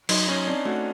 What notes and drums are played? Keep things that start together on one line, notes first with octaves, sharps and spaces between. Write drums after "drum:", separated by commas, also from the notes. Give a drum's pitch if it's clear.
F#3 D#4, drum: cymbal
C#4 D#4
C4 D4
A3 F#4